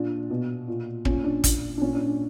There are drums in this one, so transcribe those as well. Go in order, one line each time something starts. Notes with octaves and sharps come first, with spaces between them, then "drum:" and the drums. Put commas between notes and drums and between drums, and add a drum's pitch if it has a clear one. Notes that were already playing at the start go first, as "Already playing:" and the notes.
Already playing: A#2 D4
B2
A#2
A#2 C#4, drum: kick
D4
A#2, drum: kick, hi-hat
D4
A#2 C#4
D4
D4